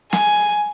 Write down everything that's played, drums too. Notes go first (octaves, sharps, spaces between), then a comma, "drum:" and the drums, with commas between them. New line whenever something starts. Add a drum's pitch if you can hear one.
G#5, drum: snare